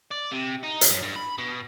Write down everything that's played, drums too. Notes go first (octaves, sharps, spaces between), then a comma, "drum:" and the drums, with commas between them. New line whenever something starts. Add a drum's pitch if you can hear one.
D5
C3
D#4
drum: hi-hat
F#2
G2
B5
B2